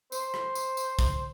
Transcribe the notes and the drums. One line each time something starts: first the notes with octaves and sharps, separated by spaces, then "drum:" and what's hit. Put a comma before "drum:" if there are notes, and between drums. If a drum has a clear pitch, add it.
C5, drum: tambourine
drum: rim click
drum: tambourine
drum: tambourine
drum: kick, tambourine